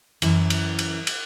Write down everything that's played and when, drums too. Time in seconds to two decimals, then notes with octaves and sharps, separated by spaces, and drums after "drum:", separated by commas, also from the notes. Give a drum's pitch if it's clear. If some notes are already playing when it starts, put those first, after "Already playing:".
0.22 F#2 E3, drum: cymbal
0.50 drum: cymbal
0.79 drum: cymbal
1.07 drum: cymbal